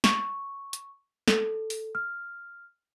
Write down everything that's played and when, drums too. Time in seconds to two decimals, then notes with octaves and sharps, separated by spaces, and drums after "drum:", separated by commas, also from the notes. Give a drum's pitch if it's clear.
0.04 C#6, drum: snare
0.73 drum: hi-hat
1.28 A4, drum: snare
1.70 drum: open hi-hat
1.95 F6